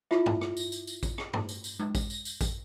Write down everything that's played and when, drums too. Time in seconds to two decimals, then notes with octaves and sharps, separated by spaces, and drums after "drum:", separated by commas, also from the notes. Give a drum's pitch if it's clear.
0.11 E4 F4 E5, drum: rim click
0.26 drum: tom
0.41 drum: rim click
0.57 drum: tambourine
0.72 drum: tambourine
0.87 drum: tambourine
1.03 drum: kick A1, tambourine
1.18 drum: rim click
1.33 drum: tom
1.49 drum: tambourine
1.64 drum: tambourine
1.79 drum: tom G#3
1.95 drum: kick A1, tambourine
2.10 drum: tambourine
2.25 drum: tambourine
2.41 drum: kick A1, tambourine